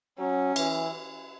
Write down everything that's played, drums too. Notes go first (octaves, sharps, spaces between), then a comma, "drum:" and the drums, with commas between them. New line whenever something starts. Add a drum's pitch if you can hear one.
F#3 C#4
E3, drum: cymbal